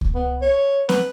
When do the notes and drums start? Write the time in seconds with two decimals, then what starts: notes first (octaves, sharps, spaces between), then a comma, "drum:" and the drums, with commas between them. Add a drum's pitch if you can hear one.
0.01 drum: kick C#2
0.15 B3
0.41 C#5
0.89 B4, drum: snare C4